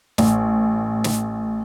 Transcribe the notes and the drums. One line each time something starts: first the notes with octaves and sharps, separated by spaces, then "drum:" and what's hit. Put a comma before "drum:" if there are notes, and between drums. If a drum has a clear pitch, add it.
A1, drum: snare
drum: snare